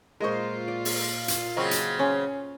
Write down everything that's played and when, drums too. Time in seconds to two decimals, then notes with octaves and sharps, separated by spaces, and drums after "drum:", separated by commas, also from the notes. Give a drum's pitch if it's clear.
0.20 A#2 G#3 F4 A#4 C5 D#5 C#6
0.68 D5
0.85 drum: open hi-hat
1.28 drum: hi-hat
1.57 C#3 F#3 C4 D#5 C#6
1.71 drum: hi-hat
1.99 C#4 G#5 C6 C#6